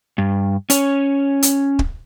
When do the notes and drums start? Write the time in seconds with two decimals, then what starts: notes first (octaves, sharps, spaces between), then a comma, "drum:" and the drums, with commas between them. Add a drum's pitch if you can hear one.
0.18 G2
0.70 C#4 C#5, drum: hi-hat
1.43 drum: hi-hat
1.79 drum: kick